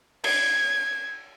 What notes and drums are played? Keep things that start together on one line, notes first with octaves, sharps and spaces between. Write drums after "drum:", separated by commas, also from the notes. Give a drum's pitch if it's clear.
G#6, drum: cymbal